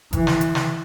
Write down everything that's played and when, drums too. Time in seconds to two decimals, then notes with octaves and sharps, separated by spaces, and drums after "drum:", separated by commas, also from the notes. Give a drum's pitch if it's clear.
0.13 E3, drum: kick G1, hi-hat
0.27 drum: snare
0.41 drum: hi-hat
0.55 drum: snare